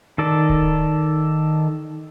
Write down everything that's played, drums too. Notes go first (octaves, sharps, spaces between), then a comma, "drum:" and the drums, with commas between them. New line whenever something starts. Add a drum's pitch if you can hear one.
D#3 A4 D5
drum: kick D1